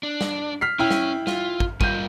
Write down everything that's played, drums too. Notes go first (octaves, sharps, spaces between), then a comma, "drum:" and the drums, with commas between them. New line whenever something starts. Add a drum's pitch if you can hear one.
D4
drum: snare
F6 B6 C7
C#4 E4 G5 F6
drum: snare
F4, drum: snare
drum: kick
G3 F4 A#4 G6 D#7, drum: kick